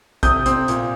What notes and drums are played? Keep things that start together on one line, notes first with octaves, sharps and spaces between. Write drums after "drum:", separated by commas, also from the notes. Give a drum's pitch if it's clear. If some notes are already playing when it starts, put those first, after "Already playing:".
C3 D#6 G6, drum: kick, hi-hat
C4, drum: hi-hat
A#2, drum: hi-hat